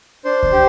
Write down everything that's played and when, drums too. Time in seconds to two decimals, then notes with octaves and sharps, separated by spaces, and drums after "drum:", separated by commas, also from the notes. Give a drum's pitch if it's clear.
0.25 D4 C5
0.43 drum: kick D2
0.52 G4